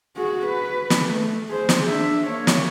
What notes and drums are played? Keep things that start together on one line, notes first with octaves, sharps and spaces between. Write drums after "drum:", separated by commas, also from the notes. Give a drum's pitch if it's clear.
F#4 G#4
B4
drum: snare
A3
G#4 C5
drum: snare
D4 E5
A#3 C#5
drum: snare